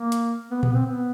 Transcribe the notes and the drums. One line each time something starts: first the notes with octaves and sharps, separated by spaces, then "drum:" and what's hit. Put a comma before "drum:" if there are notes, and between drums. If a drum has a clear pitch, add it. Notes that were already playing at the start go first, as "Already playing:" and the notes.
Already playing: A#3
drum: hi-hat
B3
B3, drum: tom A#2
C4
B3